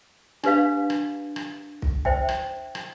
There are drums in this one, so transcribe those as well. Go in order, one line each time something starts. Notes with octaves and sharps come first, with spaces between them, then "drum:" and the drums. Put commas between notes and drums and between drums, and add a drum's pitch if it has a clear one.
D4 G4 B4 F5, drum: rim click
drum: rim click
drum: rim click
drum: kick
C5 E5 G5, drum: kick
drum: rim click
drum: rim click